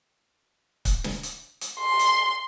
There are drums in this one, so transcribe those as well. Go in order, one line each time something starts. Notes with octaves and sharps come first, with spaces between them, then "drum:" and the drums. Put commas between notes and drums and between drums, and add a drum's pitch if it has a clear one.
drum: kick C#1, hi-hat
drum: snare
drum: hi-hat
drum: hi-hat
C6
drum: hi-hat